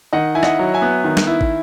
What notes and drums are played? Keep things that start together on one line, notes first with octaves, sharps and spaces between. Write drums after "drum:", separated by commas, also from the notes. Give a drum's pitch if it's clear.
D#3 D#5 F#5
E4 G#5
D#5 F#5, drum: rim click
F#3
E5 G#5
B3
D#3
drum: snare
E4
drum: kick